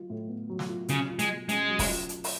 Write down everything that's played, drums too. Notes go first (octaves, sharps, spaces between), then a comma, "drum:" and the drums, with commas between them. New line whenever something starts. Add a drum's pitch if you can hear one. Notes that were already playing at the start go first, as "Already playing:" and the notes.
Already playing: F#3 F4
A2
B3
F#3
drum: snare
F4
C#3 F#3, drum: hi-hat
F4
G#3, drum: hi-hat
B2
G#3 C#4, drum: hi-hat
F#3
drum: kick, open hi-hat
F4
drum: hi-hat
drum: open hi-hat